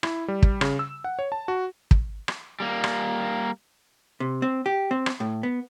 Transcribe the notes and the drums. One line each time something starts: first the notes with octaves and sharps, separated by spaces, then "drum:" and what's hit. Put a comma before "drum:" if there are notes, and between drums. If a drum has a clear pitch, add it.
E4, drum: rim click
G3
drum: kick
C#3, drum: rim click
E6
F#5
C#5
A5
F#4
drum: kick
drum: rim click
G3 A#3
drum: rim click
C3
C4
G4
C4
drum: rim click
A2
B3